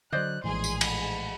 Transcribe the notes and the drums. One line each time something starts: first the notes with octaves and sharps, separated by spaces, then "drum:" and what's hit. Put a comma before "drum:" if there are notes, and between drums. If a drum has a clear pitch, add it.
D3 F#3 C5 D5 D#5 F#6
A#1 A2 E3 G#3 G#4 C6
drum: tambourine
B5, drum: cymbal